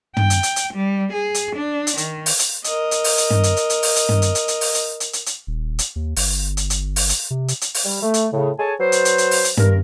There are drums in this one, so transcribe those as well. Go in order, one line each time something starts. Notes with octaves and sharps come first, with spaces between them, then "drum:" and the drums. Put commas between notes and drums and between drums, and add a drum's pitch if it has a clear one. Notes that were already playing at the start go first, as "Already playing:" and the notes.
G5, drum: tom
drum: hi-hat
drum: hi-hat
drum: hi-hat
G3
G#4
drum: hi-hat
D4
drum: hi-hat
D#3, drum: hi-hat
drum: open hi-hat
drum: hi-hat
A#4 D#5, drum: hi-hat
drum: hi-hat
drum: open hi-hat
drum: hi-hat
drum: tom
drum: hi-hat
drum: hi-hat
drum: hi-hat
drum: open hi-hat
drum: hi-hat
drum: tom
drum: hi-hat
drum: hi-hat
drum: hi-hat
drum: open hi-hat
drum: hi-hat
drum: hi-hat
drum: hi-hat
drum: hi-hat
D#1
drum: hi-hat
D#2
G1, drum: open hi-hat
drum: hi-hat
drum: hi-hat
drum: open hi-hat
drum: hi-hat
C3
drum: hi-hat
drum: hi-hat
drum: open hi-hat
G3
A3
drum: hi-hat
A2 C#3
G#4 A4 C#5 G#5 A5
F#3 B4 C5
drum: hi-hat
drum: hi-hat
drum: hi-hat
drum: open hi-hat
drum: hi-hat
G2 A#4, drum: tom